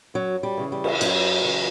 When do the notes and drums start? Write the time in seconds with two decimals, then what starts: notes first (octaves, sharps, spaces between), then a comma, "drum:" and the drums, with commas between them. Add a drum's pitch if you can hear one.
0.14 F#2 F#3
0.43 G3
0.57 C#3 E3
0.72 G3
0.84 drum: cymbal
1.01 F#2 F#3, drum: cymbal
1.44 C#3 E3